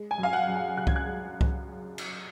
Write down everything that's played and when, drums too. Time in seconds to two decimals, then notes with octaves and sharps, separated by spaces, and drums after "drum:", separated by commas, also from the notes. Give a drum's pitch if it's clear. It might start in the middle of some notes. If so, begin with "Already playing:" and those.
Already playing: G#3
0.11 G#5
0.18 F#2
0.23 F5
0.33 F#5
0.48 F#2
0.55 G#5
0.77 C#3 F#6
0.87 G#6, drum: kick C2
0.96 F#6
1.06 G#3
1.41 drum: kick C2
1.98 drum: cymbal